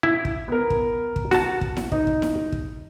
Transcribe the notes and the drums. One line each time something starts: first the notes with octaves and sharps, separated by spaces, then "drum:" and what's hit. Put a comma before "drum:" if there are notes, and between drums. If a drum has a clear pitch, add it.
E4
drum: kick
B3 A#4
drum: kick
drum: kick
F#4 A5, drum: snare E4
drum: kick
drum: snare E4
D#4, drum: kick
drum: kick
drum: snare E4
drum: kick